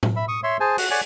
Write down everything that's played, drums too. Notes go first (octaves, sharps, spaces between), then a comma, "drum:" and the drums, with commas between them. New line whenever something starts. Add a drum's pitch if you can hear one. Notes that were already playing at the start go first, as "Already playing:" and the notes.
drum: tom A2
E5 B5
C#6 D#6
C#5 E5 C6
G#4 C5 G#5 A5
F#4, drum: open hi-hat
C#5 D5 F#5 G#5